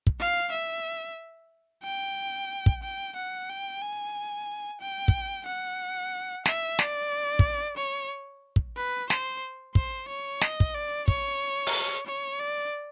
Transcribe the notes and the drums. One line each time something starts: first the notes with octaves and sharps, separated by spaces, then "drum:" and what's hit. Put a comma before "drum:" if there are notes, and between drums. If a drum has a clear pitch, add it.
drum: kick
F5
E5
G5
drum: kick
G5
F#5
G5
G#5
G5
drum: kick
F#5
E5, drum: snare
D5, drum: snare
drum: kick
C#5
drum: kick
B4
C5, drum: snare
C5, drum: kick
C#5
D#5, drum: snare
drum: kick
D5
C#5, drum: kick
drum: open hi-hat
C#5
D5